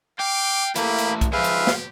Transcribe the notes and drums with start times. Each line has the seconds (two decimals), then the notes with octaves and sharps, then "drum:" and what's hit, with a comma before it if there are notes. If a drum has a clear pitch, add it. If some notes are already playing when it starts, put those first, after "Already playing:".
0.19 F5 G5 D6
0.76 E3 A3 A#3 G4 B5, drum: hi-hat
0.99 drum: hi-hat
1.21 drum: kick B1, hi-hat
1.33 F3 G#3 G4 B4 E5 F5
1.44 drum: hi-hat
1.67 drum: snare